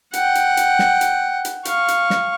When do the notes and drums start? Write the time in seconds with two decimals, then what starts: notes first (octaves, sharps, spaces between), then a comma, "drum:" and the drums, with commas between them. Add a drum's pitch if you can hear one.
0.13 F#5 G5, drum: hi-hat
0.35 drum: hi-hat
0.57 drum: hi-hat
0.79 drum: snare
1.01 drum: hi-hat
1.45 drum: hi-hat
1.65 F5 C#6, drum: hi-hat
1.88 drum: hi-hat
2.10 drum: snare